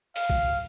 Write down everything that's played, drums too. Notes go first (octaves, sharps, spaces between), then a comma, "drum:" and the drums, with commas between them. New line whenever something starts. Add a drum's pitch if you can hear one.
F5, drum: open hi-hat
drum: kick A#1